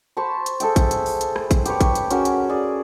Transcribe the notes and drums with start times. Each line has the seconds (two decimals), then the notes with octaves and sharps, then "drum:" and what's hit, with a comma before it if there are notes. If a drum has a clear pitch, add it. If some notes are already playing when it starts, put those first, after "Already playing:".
0.17 C5 A5 B5 C#6
0.46 drum: hi-hat
0.60 G#4 A4 E5 G5, drum: hi-hat
0.76 drum: kick A1, hi-hat
0.91 drum: hi-hat
1.06 drum: open hi-hat
1.21 drum: hi-hat
1.36 drum: rim click
1.51 drum: kick A1, hi-hat
1.66 G4 B4 C#5, drum: hi-hat
1.81 drum: kick A1, hi-hat
1.95 drum: hi-hat
2.11 C#4 F#4 G#4 A#4, drum: hi-hat
2.25 drum: hi-hat
2.49 G#4 D5